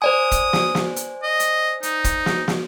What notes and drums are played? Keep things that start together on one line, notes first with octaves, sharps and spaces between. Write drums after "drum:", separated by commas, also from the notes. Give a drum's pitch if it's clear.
C5 D5 G#5 D#6
drum: kick, hi-hat
drum: snare
drum: snare
drum: hi-hat
D#5
drum: hi-hat
D#4, drum: hi-hat
drum: kick, hi-hat
drum: snare
drum: snare